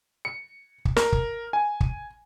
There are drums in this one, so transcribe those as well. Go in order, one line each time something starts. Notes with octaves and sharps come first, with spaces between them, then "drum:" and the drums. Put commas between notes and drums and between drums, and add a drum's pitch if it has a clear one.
C#7
drum: kick
A#4, drum: snare
drum: kick
G#5
drum: kick